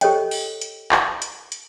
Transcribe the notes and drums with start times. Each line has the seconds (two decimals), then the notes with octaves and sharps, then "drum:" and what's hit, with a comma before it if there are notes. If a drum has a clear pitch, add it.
0.01 G4 A4 C5 C#5 D#5 G5, drum: hi-hat
0.31 drum: open hi-hat
0.61 drum: hi-hat
0.92 drum: clap
1.22 drum: hi-hat
1.52 drum: hi-hat